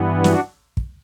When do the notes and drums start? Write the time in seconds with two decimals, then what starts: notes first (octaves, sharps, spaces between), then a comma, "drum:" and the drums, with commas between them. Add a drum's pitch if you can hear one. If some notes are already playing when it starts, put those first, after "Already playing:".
Already playing: G2 E3 B3
0.24 D4 F#4, drum: snare
0.77 drum: kick